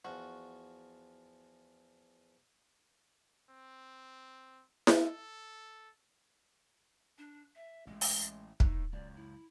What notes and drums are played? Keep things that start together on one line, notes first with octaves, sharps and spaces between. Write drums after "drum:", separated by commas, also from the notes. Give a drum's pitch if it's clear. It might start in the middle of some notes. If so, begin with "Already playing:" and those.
E2 F3 F#4
C4
drum: snare E4
A4
D4
E5
A1 A2 G#3
drum: open hi-hat
A2 D#4, drum: kick
C#2 F#2 D5
E4